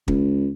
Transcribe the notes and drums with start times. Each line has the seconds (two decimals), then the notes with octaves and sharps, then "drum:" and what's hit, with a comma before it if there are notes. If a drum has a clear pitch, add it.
0.08 C#2, drum: kick